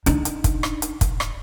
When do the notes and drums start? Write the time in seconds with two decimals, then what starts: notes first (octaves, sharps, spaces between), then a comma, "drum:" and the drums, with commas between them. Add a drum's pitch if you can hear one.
0.06 D4 D#4, drum: hi-hat
0.25 drum: hi-hat
0.44 drum: kick, hi-hat
0.63 drum: rim click
0.82 drum: hi-hat
1.01 drum: kick, hi-hat
1.20 drum: rim click